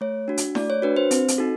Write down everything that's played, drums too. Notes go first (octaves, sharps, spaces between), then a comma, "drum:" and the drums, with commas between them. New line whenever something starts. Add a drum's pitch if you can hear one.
A3 C#5
D4 F#4
drum: hi-hat
A3 D5, drum: snare E4
C#5
D4 F#4 B4
C5
C4, drum: hi-hat
drum: hi-hat
D#4 F#4 A4